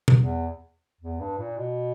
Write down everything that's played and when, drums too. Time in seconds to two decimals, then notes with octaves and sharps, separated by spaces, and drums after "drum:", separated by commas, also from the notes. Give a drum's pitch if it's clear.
0.08 drum: tom B2
0.17 E2
1.01 E2
1.20 G2
1.38 A#2
1.57 B2